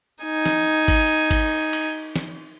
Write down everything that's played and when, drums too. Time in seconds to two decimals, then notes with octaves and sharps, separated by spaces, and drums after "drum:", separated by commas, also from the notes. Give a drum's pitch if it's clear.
0.24 D#4 G#5
0.46 drum: snare
0.88 drum: kick G#1, cymbal
1.31 drum: kick G#1, cymbal
1.73 drum: cymbal
2.16 drum: snare